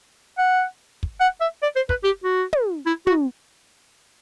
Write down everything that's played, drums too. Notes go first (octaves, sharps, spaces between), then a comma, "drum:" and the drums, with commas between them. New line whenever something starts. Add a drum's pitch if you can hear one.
F#5
drum: kick
F#5
E5
D5
C5
B4, drum: kick
G4
F#4
drum: tom
E4
F#4, drum: tom